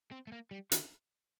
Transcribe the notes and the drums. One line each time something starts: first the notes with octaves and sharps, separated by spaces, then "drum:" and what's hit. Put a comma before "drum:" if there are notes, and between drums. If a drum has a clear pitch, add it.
C4
A3
A#3
G3
D#3, drum: hi-hat